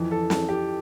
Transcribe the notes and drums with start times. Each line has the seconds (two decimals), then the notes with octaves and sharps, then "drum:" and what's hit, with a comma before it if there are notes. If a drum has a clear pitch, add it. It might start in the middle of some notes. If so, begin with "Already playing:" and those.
Already playing: F2 E3
0.11 A4
0.30 A4, drum: snare
0.49 G4